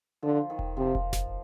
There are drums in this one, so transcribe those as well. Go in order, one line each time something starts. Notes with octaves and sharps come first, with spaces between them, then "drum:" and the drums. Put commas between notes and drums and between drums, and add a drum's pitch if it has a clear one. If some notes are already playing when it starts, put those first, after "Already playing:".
D3 F3
D#3
drum: kick E1
C3 F3
drum: kick E1
drum: snare F#1